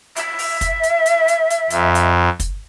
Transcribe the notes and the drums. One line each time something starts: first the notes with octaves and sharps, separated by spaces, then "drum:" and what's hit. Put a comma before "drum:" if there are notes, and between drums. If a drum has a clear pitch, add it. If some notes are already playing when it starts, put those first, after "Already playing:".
E5, drum: hi-hat
drum: open hi-hat
drum: kick, hi-hat
drum: hi-hat
drum: hi-hat
drum: hi-hat
drum: hi-hat
F2, drum: hi-hat
drum: hi-hat
drum: kick, hi-hat